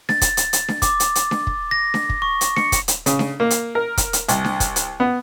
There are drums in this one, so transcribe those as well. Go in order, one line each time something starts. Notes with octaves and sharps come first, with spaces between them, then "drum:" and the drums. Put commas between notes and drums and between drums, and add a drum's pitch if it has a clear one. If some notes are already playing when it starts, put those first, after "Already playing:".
A6, drum: snare D4
drum: kick, hi-hat
drum: hi-hat
drum: hi-hat
drum: snare D4
D6, drum: kick, hi-hat
drum: hi-hat
drum: hi-hat
drum: snare D4
drum: kick
A#6
drum: snare D4
drum: kick
C#6
drum: hi-hat
C#7, drum: snare D4
drum: kick, hi-hat
drum: hi-hat
C#3, drum: hi-hat
drum: snare D4
A#3
drum: hi-hat
A#4
drum: kick, hi-hat
drum: hi-hat
C2, drum: hi-hat
drum: snare D4
drum: kick, hi-hat
drum: hi-hat
B3